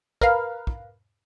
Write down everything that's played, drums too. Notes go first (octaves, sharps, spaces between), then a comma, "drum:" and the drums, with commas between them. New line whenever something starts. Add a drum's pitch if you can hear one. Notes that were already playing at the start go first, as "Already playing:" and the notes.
A#4 B4 F5, drum: kick
drum: kick